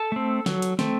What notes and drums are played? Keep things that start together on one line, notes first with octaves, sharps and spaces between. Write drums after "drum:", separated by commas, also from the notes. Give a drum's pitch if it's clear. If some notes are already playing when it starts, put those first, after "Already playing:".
Already playing: A4 A5
A3 C4
F#3, drum: snare
drum: hi-hat
A3 C4, drum: snare